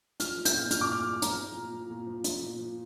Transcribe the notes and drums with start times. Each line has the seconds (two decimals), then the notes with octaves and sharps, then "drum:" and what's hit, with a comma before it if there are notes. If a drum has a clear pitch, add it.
0.20 F3 F6, drum: hi-hat
0.37 F3
0.45 G6, drum: hi-hat
0.53 A#2
0.71 A#2 F6, drum: hi-hat
0.81 D6
0.88 A#2 F6
1.06 F3
1.22 F3 A#5, drum: hi-hat
1.39 F3
1.56 A#2
1.73 F3
1.90 A#2
2.07 F3
2.24 F3, drum: hi-hat
2.42 A#2
2.59 F3